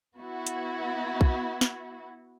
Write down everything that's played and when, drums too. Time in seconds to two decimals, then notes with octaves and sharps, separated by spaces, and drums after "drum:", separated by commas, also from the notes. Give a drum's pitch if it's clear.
0.19 B3 E4 F#4
0.47 drum: hi-hat
1.21 drum: kick B1
1.61 drum: snare